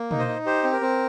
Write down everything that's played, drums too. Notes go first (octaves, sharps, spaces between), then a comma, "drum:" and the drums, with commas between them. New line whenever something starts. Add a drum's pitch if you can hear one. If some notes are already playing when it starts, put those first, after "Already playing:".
Already playing: A#3
D#4, drum: tom
C5 D#5
D#4
G4 C5
C4
A#4
C4